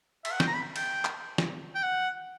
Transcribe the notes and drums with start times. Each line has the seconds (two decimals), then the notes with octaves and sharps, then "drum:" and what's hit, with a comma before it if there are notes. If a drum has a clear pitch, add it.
0.25 E5, drum: cymbal
0.32 F#5
0.40 G5, drum: snare
0.47 A#5
0.54 B5
0.76 G5, drum: cymbal
1.05 drum: clap
1.38 drum: snare
1.75 G5
1.83 F#5